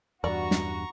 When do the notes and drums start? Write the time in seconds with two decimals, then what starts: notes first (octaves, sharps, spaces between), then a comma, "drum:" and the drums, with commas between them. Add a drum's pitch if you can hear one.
0.24 E2 G2 F#4 D5 A#5 C#6
0.51 drum: snare